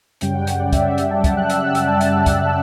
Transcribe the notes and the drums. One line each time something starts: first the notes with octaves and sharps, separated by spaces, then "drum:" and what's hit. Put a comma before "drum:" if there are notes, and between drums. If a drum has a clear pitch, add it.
F#2 C#3 G3 C#4 G5, drum: hi-hat
F#5
drum: hi-hat
D5
E5, drum: kick, hi-hat
G5, drum: hi-hat
A5
G5, drum: kick, hi-hat
F#6
E6, drum: hi-hat
G5, drum: hi-hat
A5
drum: hi-hat
drum: kick, hi-hat